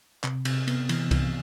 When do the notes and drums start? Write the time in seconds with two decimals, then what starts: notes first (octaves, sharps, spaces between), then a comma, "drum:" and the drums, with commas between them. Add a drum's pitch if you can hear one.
0.24 C3, drum: clap
0.45 C3, drum: cymbal
0.67 B3, drum: cymbal
0.89 E3, drum: cymbal
1.11 C3, drum: kick C2, cymbal